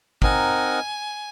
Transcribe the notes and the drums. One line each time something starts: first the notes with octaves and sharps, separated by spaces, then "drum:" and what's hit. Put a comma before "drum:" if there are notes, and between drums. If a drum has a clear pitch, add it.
C4 D#4 A#4 D#5 F#5 G#5, drum: kick